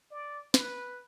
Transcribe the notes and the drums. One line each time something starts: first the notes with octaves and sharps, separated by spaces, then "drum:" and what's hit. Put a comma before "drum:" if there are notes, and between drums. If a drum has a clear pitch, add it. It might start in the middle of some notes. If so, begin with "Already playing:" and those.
D5
B4, drum: snare